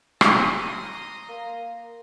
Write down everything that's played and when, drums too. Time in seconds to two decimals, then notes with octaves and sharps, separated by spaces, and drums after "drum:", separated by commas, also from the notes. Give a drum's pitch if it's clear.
0.21 A#5 C6 D#6, drum: rim click
1.29 A#3